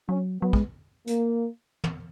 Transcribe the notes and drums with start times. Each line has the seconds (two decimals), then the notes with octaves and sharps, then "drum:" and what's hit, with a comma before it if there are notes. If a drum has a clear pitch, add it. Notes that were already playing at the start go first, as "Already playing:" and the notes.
0.09 F#3 C#4
0.41 F#3 B3
0.53 G#3, drum: kick
1.07 A#3, drum: hi-hat
1.84 drum: tom